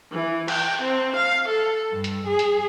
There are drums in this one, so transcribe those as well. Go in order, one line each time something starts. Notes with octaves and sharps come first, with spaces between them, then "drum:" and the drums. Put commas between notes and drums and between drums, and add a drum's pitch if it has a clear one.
E3
G5, drum: cymbal
C4
F5
A4
G2
drum: hi-hat
G#4
drum: hi-hat